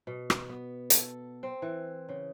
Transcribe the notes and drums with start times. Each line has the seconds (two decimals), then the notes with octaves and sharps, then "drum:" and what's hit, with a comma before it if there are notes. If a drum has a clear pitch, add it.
0.07 B2
0.30 drum: rim click
0.49 B3
0.90 A4, drum: hi-hat
1.43 C4
1.62 E3
2.09 C#3